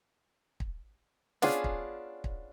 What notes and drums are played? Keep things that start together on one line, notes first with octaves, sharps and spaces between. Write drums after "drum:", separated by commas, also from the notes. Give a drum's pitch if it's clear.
drum: kick
B3 C#4 D4 F4 G#4, drum: snare
drum: kick
drum: kick